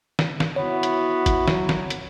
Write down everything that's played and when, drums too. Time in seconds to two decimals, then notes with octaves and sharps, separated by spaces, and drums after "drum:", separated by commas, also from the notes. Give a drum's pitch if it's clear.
0.19 drum: snare
0.40 drum: snare
0.56 B3 E4 F#4 C#5
0.83 drum: hi-hat
1.26 drum: kick, hi-hat
1.48 F#3, drum: snare
1.69 drum: snare
1.90 drum: hi-hat